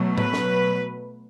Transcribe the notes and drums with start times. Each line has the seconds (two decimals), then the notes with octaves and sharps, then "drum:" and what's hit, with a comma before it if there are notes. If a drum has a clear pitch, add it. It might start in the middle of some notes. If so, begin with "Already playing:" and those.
Already playing: B2 F#3 A3
0.18 B4, drum: tom A2
0.33 drum: snare